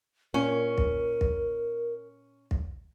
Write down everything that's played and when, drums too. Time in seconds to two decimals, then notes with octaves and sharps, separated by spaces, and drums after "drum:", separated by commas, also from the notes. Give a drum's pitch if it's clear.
0.34 A#2 C#4 A#4
0.78 drum: kick
1.21 drum: kick
2.51 drum: kick